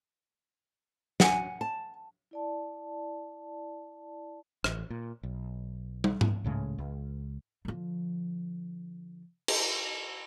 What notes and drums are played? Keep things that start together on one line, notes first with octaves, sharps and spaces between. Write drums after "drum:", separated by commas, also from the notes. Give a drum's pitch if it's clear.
F#5 G#5, drum: snare
A5
E4 D5 A5
A1, drum: rim click
A#2
B1
drum: tom
drum: tom G#2
C#2 A2 C#3 G#3
C#2
D3 F3
drum: cymbal